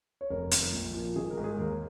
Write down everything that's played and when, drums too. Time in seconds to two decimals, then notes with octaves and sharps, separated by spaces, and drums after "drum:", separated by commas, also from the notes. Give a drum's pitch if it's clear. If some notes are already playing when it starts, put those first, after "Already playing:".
0.21 C#5
0.30 F1 A#4
0.51 F2 D#3, drum: hi-hat
0.73 A#1
0.94 A#2 F3
1.16 G#1 G#4
1.30 A#4
1.37 G#2 D#3
1.44 G#4
1.58 D#2 A#4